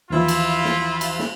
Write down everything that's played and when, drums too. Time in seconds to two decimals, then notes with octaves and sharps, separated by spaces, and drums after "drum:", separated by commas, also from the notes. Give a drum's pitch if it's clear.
0.10 D#2 E3 F3 E4 F4
0.28 drum: cymbal
0.65 drum: snare
1.01 drum: cymbal
1.19 drum: snare